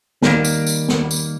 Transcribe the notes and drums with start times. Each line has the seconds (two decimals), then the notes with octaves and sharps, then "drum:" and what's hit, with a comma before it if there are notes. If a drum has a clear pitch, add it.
0.22 D#3 G3 A#3, drum: snare
0.44 drum: tambourine
0.67 drum: tambourine
0.89 drum: snare
1.11 drum: tambourine